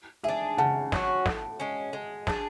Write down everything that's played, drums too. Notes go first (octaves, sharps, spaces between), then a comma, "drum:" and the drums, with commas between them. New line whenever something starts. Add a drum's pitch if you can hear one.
D4 G#4 E5
C#3 F#5 A5
F#3 C#4 F#4, drum: snare
A2, drum: snare
G#3 C#4
G#3
D4 G#4, drum: snare